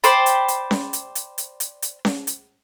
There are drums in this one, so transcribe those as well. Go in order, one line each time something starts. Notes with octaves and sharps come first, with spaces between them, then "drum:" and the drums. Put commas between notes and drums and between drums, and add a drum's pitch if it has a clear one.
C5 D5 G5 B5, drum: hi-hat
drum: hi-hat
drum: hi-hat
drum: snare C#4
drum: hi-hat
drum: hi-hat
drum: hi-hat
drum: hi-hat
drum: hi-hat
drum: snare C#4
drum: hi-hat